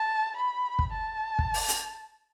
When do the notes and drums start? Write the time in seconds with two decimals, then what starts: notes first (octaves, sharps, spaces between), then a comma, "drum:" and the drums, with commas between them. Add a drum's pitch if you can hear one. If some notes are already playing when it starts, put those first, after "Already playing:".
Already playing: A5
0.37 B5
0.79 drum: kick
0.93 A5
1.39 drum: kick
1.54 drum: open hi-hat
1.68 drum: hi-hat